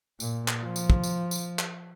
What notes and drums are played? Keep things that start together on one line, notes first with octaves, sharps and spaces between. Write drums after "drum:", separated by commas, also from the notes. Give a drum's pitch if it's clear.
A#2, drum: tambourine
drum: clap
F3
drum: tambourine
drum: kick
drum: tambourine
drum: tambourine
drum: clap